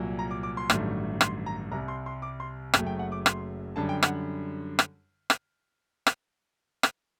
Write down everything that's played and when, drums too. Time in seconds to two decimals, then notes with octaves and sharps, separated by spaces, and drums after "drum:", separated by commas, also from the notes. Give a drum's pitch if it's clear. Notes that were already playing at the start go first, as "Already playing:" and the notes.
Already playing: C2 A#2 F#3
0.19 A#5
0.31 D6
0.43 D6
0.57 C6
0.70 A1 G2 D#3 F#3 A3, drum: rim click
1.21 C6, drum: rim click
1.46 A#5
1.72 C2 C3 G3 A#5
1.88 C6
2.06 C6
2.22 D6
2.40 C6
2.74 F#1 F#2 F#3 A3 G5, drum: rim click
2.87 G5
2.99 F#5
3.12 D6
3.26 C6, drum: rim click
3.76 F#2 D3 G3 A5
3.89 G5
4.03 F#5, drum: rim click
4.79 drum: rim click
5.30 drum: rim click
6.07 drum: rim click
6.83 drum: rim click